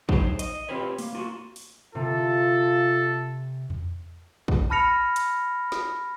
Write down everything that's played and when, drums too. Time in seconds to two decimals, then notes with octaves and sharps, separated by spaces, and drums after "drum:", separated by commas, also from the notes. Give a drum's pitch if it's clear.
0.09 F#3 D#4 G#4 A4 C5 C#5, drum: kick
0.39 D#5, drum: hi-hat
0.69 C4 F4 G4 B4 C#5
0.99 A#3, drum: open hi-hat
1.13 A#3 F4 F#4
1.56 drum: open hi-hat
1.95 C3 F4 A4
3.70 drum: tom E2
4.48 drum: kick
4.70 A5 B5 F6 A#6 C#7 F7
5.16 drum: hi-hat
5.72 drum: snare